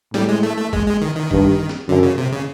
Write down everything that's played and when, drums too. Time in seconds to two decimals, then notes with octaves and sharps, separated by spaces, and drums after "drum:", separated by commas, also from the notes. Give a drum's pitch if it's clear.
0.14 A2 G3, drum: snare
0.29 G#3
0.43 A3
0.58 A3
0.73 G#3, drum: kick G#1
0.87 G#3
1.02 D#3
1.16 D#3
1.31 G2, drum: kick G#1
1.69 drum: snare
1.89 F#2 D3
2.03 C#3
2.18 C3
2.32 C#3